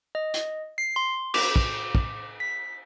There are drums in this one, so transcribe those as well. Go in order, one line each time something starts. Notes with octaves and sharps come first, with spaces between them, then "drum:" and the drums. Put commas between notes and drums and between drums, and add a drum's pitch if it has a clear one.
D#5
drum: hi-hat
C7
C6
D6, drum: cymbal
drum: kick
drum: kick
B6